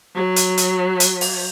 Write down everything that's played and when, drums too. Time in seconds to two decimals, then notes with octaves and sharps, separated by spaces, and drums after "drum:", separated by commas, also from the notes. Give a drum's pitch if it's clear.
0.15 F#3
0.36 drum: hi-hat
0.57 drum: hi-hat
1.00 drum: hi-hat
1.21 drum: open hi-hat